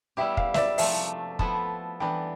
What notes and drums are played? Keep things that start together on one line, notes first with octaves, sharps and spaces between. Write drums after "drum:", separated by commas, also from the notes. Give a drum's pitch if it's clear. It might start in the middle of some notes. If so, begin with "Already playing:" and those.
G3 B3 E4 G4 E5
F5, drum: kick
E5, drum: snare
D5
C3 F3 A3 E5, drum: open hi-hat
F3 B3 E4 A4, drum: kick
E3 B3 D4 G5